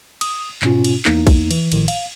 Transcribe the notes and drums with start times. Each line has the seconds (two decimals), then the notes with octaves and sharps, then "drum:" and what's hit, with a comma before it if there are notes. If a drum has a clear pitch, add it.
0.21 D#6, drum: cymbal
0.62 G#2 B2 C#4 F4, drum: clap
0.84 drum: cymbal
1.05 E2 A#3 D#4, drum: clap
1.27 drum: kick A#1, cymbal
1.51 E3, drum: cymbal
1.72 G#1 A2 D#3 F3, drum: cymbal
1.88 F5, drum: cymbal